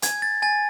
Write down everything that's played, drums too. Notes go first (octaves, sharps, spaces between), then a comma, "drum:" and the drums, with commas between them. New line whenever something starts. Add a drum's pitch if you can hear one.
G#5 G#6, drum: hi-hat
A6
G#5 A6